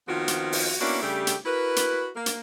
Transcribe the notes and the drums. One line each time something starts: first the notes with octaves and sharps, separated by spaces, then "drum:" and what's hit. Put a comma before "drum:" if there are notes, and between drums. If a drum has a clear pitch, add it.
D#3 F3 B3 C4 F4 F#4
drum: hi-hat
drum: open hi-hat
A#3 B3 C#4 D4 E4 F#4
C#3 G3 A3 D4 G4
drum: hi-hat
E4 F#4 A#4 B4
drum: hi-hat
A#3
drum: hi-hat